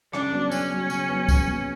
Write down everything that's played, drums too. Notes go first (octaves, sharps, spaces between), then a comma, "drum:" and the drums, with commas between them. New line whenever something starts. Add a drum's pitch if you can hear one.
C#3 D4, drum: rim click
F#3 B3
C#3 C#4, drum: tambourine
F#3 B3
C#3, drum: tambourine
F#3 B3
C#3, drum: kick, tambourine
F#3 B3